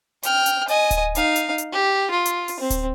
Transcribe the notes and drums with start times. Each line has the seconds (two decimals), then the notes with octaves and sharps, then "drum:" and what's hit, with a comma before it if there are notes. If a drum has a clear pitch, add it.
0.23 G5 F6, drum: hi-hat
0.46 drum: hi-hat
0.68 D#5 G#5, drum: open hi-hat
0.91 drum: kick D1, hi-hat
1.15 D#4 F5, drum: hi-hat
1.36 drum: hi-hat
1.58 drum: hi-hat
1.72 G4
2.11 F4
2.25 drum: hi-hat
2.48 drum: open hi-hat
2.60 C4
2.70 drum: kick D1, hi-hat